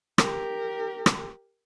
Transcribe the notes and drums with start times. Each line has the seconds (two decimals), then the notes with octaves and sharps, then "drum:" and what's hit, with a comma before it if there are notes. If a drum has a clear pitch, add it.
0.18 G4 A#4, drum: rim click
1.06 drum: rim click